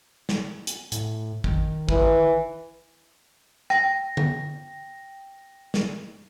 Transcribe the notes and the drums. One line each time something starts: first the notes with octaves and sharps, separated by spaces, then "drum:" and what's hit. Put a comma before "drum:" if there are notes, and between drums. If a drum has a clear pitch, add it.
drum: snare
drum: hi-hat
A2, drum: hi-hat
D#3, drum: kick
E3, drum: kick
G5 A#6, drum: rim click
drum: tom D3
drum: snare